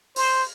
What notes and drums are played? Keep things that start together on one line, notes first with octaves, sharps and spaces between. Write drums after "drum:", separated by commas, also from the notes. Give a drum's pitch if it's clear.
C5, drum: open hi-hat